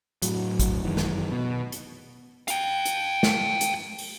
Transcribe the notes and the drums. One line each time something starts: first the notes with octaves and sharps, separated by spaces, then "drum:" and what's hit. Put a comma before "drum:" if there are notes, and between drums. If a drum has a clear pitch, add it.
A2 F#3, drum: hi-hat
drum: kick, hi-hat
F#2 D#3 E3
drum: snare
B2
drum: hi-hat
F5 G5, drum: hi-hat
drum: hi-hat
drum: snare
drum: hi-hat
drum: open hi-hat